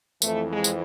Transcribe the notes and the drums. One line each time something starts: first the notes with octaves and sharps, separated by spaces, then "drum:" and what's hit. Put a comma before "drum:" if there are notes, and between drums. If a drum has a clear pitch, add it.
F2 E3 A3, drum: tambourine
G#3
drum: tambourine